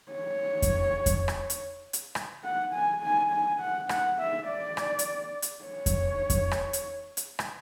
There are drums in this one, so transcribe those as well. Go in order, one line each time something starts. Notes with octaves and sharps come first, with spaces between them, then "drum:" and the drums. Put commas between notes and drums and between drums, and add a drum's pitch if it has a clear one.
C#5
drum: kick F2, hi-hat
drum: kick F2, hi-hat
drum: rim click
drum: hi-hat
drum: hi-hat
drum: rim click
F#5
G#5
G#5
G#5
F#5
F#5, drum: rim click
E5
D5
drum: rim click
drum: hi-hat
drum: hi-hat
C#5
drum: kick F2, hi-hat
drum: kick F2, hi-hat
drum: rim click
drum: hi-hat
drum: hi-hat
drum: rim click